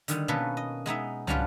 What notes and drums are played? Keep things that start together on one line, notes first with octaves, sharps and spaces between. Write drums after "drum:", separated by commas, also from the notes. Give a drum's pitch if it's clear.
D3 D#3 G3, drum: hi-hat
B2 A#3 C#4 A4 B4
D#5
G#3 B3 D#4 E5
F#3 G3 C#4 D4 F4 B4, drum: tom